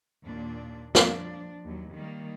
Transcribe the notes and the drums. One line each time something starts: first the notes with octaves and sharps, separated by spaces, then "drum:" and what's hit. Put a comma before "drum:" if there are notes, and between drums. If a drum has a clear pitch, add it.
D#2 A#2 D4
F3 D4, drum: snare
D#2 F#3
D#3 G3 A#3